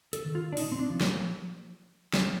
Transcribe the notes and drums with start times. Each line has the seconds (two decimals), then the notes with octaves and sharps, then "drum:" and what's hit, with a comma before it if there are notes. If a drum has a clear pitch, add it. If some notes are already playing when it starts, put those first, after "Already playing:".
0.13 A4, drum: hi-hat
0.25 D#3
0.35 F4
0.53 D4
0.57 A#2 D#4, drum: open hi-hat
0.72 C4
0.79 D4
0.90 F3
1.01 A#3, drum: snare
2.14 drum: snare